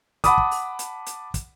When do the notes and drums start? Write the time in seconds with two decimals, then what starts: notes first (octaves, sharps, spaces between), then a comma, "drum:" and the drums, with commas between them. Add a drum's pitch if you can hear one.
0.24 F#5 A5 B5 D6 D#6, drum: kick, hi-hat
0.38 drum: kick
0.51 drum: open hi-hat
0.79 drum: hi-hat
1.06 drum: hi-hat
1.34 drum: kick, hi-hat